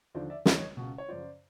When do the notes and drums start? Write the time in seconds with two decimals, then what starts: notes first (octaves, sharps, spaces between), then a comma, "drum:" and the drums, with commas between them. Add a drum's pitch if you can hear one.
0.15 D#2 D3 F3 C5 D5
0.30 D5 E5
0.45 D#2 D#3 C#5 D#5, drum: snare
0.77 C#2 B2
0.98 C#5
1.08 F#2 C#3 F3 C5 D5